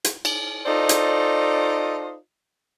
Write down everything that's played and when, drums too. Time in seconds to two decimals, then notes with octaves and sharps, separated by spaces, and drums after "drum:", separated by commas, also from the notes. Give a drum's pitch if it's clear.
0.04 drum: hi-hat
0.25 drum: cymbal
0.66 D#4 F4 A4 C5 D5 D#5
0.89 drum: hi-hat